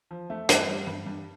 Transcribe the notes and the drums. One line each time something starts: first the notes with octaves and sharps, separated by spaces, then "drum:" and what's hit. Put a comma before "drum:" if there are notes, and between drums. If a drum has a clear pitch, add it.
F3
A3
G2 D4, drum: hi-hat
G3
G2
G2